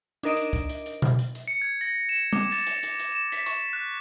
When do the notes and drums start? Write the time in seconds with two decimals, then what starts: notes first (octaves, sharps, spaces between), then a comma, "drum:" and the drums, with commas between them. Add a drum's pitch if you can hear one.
0.23 D4 D#4 A#4 D#5 D7
0.37 drum: hi-hat
0.53 drum: kick, hi-hat
0.69 drum: hi-hat
0.86 drum: hi-hat
1.02 drum: tom B2
1.19 drum: hi-hat
1.35 drum: hi-hat
1.48 C#7
1.62 G#6
1.81 A#6
2.09 E7
2.33 D6, drum: tom G3
2.52 A6, drum: hi-hat
2.67 drum: hi-hat
2.83 drum: hi-hat
2.99 drum: hi-hat
3.12 E7
3.32 B6, drum: hi-hat
3.46 C#6, drum: hi-hat
3.73 F#6